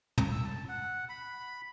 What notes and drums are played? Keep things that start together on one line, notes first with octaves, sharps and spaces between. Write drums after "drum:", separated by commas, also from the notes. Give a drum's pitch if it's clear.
drum: tom
E6
A5
F#5
B5